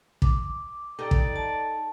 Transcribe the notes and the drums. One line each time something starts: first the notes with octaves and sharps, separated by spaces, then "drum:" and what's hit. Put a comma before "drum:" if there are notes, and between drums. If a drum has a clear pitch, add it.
D6, drum: kick
D#4 G4 A4 D5
drum: kick
A5